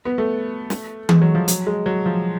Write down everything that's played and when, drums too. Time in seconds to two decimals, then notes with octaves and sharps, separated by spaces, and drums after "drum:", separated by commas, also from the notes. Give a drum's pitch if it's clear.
0.05 B3
0.18 A3
0.70 drum: snare
1.09 G#3, drum: tom E3
1.22 F#3
1.35 F3
1.48 F#3, drum: hi-hat
1.67 G#3
1.86 F#3
2.06 F3